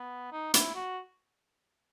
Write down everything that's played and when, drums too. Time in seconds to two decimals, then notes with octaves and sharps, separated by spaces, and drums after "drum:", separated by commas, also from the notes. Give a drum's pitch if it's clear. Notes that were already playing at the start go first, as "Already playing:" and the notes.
Already playing: B3
0.32 D#4
0.54 E4, drum: hi-hat
0.75 F#4